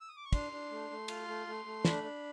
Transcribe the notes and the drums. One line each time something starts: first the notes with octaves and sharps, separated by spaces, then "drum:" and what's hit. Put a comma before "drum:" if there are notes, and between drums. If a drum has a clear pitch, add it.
E6
D#6
D6
C#6
D4 C6, drum: kick, cymbal
D4
A3
A3
F4, drum: cymbal
A3
A3
A3
D4 B5, drum: snare
D4